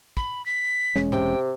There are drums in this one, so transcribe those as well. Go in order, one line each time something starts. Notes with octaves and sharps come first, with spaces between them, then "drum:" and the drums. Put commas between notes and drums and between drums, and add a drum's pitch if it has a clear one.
B5, drum: kick
B6
E1 G#3 C#4, drum: snare
C3 G5, drum: tom G#2